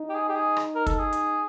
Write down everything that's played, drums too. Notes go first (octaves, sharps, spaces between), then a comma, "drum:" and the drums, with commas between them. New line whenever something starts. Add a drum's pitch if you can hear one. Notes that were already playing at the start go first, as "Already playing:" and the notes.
Already playing: D#4
G4
G#4
G4
G#4
drum: rim click
A#4
A4, drum: kick, hi-hat
G#4
drum: hi-hat